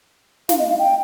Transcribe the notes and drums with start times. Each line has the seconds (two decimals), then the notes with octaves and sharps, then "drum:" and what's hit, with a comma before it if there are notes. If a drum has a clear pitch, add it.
0.49 F5, drum: snare
0.59 D#5
0.69 F5
0.79 G5